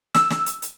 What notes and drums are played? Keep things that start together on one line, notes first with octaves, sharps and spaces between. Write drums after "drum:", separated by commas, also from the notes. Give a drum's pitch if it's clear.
E6, drum: snare
drum: snare
drum: hi-hat
drum: hi-hat